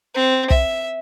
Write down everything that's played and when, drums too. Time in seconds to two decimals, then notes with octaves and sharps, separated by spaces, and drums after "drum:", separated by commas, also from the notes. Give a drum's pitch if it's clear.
0.15 C4
0.50 E5, drum: kick